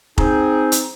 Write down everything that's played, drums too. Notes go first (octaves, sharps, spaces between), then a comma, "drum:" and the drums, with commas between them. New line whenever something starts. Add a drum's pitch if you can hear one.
C4 D#4 G#4, drum: kick F1
drum: hi-hat